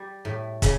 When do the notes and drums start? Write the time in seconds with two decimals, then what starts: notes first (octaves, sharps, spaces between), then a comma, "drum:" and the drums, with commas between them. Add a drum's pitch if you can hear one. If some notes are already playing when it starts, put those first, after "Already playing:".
Already playing: G3
0.25 A2
0.62 C#3, drum: kick, hi-hat